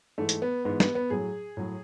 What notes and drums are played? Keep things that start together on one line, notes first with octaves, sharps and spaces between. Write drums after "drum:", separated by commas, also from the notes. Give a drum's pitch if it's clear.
G#2 E3 A3
drum: hi-hat
B3
G#2 E3 B3
B3, drum: snare
B3
A2 F#3 G#4
A2 F#3